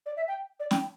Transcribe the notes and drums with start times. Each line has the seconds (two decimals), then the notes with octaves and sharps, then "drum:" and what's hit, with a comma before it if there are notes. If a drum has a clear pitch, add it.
0.06 D5
0.17 E5
0.28 G5
0.60 D5
0.71 G5, drum: snare